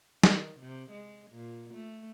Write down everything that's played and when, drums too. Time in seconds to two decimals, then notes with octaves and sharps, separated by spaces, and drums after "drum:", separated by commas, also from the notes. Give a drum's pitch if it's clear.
0.24 D#3, drum: snare
0.60 C3
0.91 G#3
1.31 A#2
1.75 A3